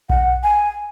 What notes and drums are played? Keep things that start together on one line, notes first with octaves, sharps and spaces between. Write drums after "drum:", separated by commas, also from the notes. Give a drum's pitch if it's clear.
F#5, drum: kick B1
G#5